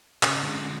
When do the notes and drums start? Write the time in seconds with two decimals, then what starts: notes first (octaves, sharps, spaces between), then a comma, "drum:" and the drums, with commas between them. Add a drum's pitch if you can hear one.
0.23 C#3 C#4, drum: clap
0.43 D3 G#3